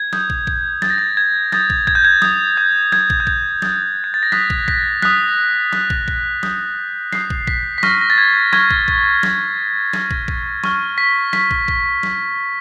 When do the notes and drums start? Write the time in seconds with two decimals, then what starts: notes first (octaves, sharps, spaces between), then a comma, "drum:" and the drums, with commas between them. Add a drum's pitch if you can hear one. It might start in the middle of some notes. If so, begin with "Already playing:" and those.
Already playing: G#6
0.13 D#6 G6, drum: snare
0.30 drum: kick
0.47 drum: kick
0.82 D#6 G6 A6, drum: snare
0.90 A#6
0.98 A6
1.17 G#6
1.52 D#6 G6 A6, drum: snare
1.70 drum: kick
1.87 G#6, drum: kick
1.95 G6
2.05 G#6
2.22 D#6 G6, drum: snare
2.57 G6
2.92 D#6 G6 G#6, drum: snare
3.10 drum: kick
3.20 G6
3.27 G#6, drum: kick
3.62 D#6 F#6 A6, drum: snare
4.04 G#6
4.14 A6
4.23 A#6
4.32 D#6 F#6 B6, drum: snare
4.50 drum: kick
4.68 B6, drum: kick
5.02 D#6 F#6 B6, drum: snare
5.73 D#6 F#6, drum: snare
5.90 drum: kick
6.08 drum: kick
6.43 D#6 G6, drum: snare
7.12 D#6 G6 C7, drum: snare
7.30 drum: kick
7.47 B6, drum: kick
7.78 B6
7.83 C#6 F6 A#6, drum: snare
8.01 A#6
8.10 A6
8.18 G#6
8.53 C#6 F6 G#6, drum: snare
8.70 drum: kick
8.88 drum: kick
9.23 C#6 F6, drum: snare
9.93 C#6 F6 A#6, drum: snare
10.11 drum: kick
10.28 drum: kick
10.64 C#6 F6, drum: snare
10.98 B6
11.33 C#6 B6, drum: snare
11.51 drum: kick
11.68 drum: kick
12.03 drum: snare